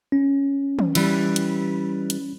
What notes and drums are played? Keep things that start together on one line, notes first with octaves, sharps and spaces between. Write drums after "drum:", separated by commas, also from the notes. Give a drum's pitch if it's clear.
C#4
drum: tom
E3 G3, drum: cymbal
drum: hi-hat
drum: hi-hat